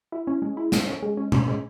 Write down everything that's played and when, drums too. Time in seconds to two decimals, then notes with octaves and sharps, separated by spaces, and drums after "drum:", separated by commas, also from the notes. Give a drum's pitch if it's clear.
0.12 E4
0.27 C#4
0.42 G#3
0.57 E4
0.72 C#4, drum: snare
0.88 C#4
1.02 G#3
1.17 C#4
1.32 C#4, drum: tom B2
1.48 G#3